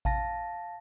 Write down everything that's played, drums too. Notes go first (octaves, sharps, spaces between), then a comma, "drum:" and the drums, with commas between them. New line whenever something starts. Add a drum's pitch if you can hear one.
F5 A5 A#6, drum: kick A1